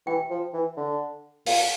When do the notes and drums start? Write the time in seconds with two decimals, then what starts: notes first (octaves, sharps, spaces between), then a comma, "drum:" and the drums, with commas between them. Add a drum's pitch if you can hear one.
0.06 E3 G5
0.30 F3
0.53 E3
0.77 D3
1.46 A#2 F5, drum: open hi-hat